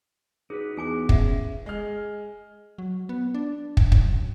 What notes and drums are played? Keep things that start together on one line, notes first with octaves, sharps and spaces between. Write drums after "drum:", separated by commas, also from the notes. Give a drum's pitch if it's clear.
D#4 F#4 G#4 B4
E2 G#4 G#5 D6
C#4 E4 E5 F#5, drum: kick
G#3 F6
F#3
B3
D4
drum: kick
F#2, drum: kick